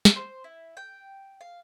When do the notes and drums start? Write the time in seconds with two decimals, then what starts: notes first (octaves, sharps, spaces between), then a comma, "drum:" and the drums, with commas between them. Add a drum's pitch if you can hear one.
0.05 drum: snare
0.16 C5
0.44 E4
0.77 G5
1.41 F5